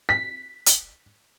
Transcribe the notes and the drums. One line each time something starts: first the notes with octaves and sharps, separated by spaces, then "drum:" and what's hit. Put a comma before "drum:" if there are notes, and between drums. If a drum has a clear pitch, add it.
B6
drum: hi-hat